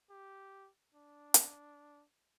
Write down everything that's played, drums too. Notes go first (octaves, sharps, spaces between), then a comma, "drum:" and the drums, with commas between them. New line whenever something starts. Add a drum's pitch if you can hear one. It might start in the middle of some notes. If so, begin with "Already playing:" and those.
G4
D4
drum: hi-hat